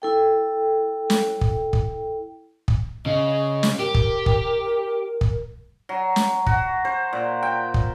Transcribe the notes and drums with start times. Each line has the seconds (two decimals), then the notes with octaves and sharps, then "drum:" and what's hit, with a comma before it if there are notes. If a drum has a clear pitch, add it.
0.02 E4 A4 G5
1.10 drum: snare
1.41 drum: kick
1.73 drum: kick
2.68 drum: kick
3.06 C#3 D#5
3.63 drum: snare
3.79 G4 A#4
3.94 drum: kick
4.26 drum: kick
5.21 drum: kick
5.89 F#3
6.16 drum: snare
6.46 F#4, drum: kick
6.85 C5
7.13 A#2
7.43 G5
7.74 drum: kick